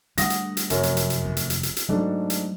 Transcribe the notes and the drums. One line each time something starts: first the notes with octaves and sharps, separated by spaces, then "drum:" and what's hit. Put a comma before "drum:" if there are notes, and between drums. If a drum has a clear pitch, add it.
D3 G3 A3 F#5 D#6 A#6, drum: hi-hat
drum: hi-hat
drum: hi-hat
F1 F#2 A#4 C#5, drum: hi-hat
drum: hi-hat
drum: hi-hat
drum: hi-hat
F1 D#2
drum: hi-hat
drum: hi-hat
drum: hi-hat
drum: hi-hat
G#2 F#3 A3 C#4 D4 A4
drum: hi-hat